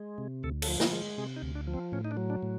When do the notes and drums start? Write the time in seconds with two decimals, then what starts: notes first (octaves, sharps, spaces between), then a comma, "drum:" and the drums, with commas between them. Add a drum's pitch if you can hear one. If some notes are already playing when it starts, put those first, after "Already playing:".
Already playing: G#3
0.18 C3
0.43 D2 A4
0.62 A4, drum: cymbal
0.68 F3
0.80 A#4, drum: snare
0.92 G#3
1.18 C3 G#4
1.36 D#4
1.42 D2
1.55 D4
1.67 F3
1.74 C4
1.92 A2 C#4
2.05 D#4
2.11 D4
2.17 F#3
2.30 D4
2.43 A2